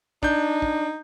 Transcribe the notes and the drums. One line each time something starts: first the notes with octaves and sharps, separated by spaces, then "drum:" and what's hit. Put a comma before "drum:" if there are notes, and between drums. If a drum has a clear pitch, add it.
D4 D#4 G6, drum: kick
drum: kick